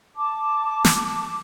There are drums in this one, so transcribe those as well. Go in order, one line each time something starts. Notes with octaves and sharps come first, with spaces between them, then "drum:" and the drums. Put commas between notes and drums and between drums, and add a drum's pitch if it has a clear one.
A5 D6
drum: snare